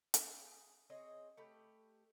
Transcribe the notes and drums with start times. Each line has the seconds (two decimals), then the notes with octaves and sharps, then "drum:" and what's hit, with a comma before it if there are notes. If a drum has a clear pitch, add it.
0.14 G#4, drum: hi-hat
0.90 C4 G#4 C#5 D#5
1.37 A3 G4 B4